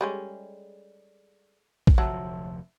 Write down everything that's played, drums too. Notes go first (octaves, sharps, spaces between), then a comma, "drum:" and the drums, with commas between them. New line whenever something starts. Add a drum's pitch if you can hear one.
G3 G#3 C#4 G#4 A4
drum: kick
F1 D2 F3 F#3 E5 A5 E6